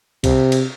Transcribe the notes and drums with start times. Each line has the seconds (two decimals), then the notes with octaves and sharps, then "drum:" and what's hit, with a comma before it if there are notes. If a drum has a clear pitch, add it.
0.24 C3, drum: kick C2, cymbal
0.52 drum: cymbal